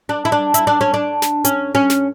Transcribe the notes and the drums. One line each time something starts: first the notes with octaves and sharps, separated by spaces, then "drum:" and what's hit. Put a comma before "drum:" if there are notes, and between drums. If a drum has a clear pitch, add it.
D4
E4
D4
E4, drum: hi-hat
D4
C#4
D4
drum: snare
C#4, drum: hi-hat
C#4
drum: snare